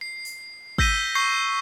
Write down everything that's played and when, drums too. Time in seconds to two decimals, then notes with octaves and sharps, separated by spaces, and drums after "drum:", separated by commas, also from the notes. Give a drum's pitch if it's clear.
0.01 C7
0.25 drum: open hi-hat
0.78 E6 G6 A#6 B6 D#7 G7, drum: kick
1.15 C#6 G6 C7